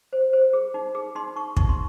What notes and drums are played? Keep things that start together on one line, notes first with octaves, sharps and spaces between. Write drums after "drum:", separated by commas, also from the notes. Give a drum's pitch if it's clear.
C5
C5
G#4
D#4
G#4
D#4 C6
D#4 C#6
D#4 C#6, drum: kick
C6